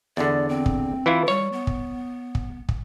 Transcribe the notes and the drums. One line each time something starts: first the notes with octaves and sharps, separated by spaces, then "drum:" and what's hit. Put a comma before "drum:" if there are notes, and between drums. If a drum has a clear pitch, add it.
E2 D3 D5
C4
drum: kick
E3 E4 F4
G3 C#5
B3
drum: kick
drum: kick
drum: kick